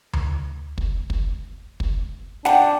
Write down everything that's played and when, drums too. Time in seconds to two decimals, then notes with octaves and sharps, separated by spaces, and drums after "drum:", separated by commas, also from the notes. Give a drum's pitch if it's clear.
0.13 drum: tom D2
0.78 drum: kick
1.10 drum: kick
1.80 drum: kick
2.45 D4 F#5 G5, drum: snare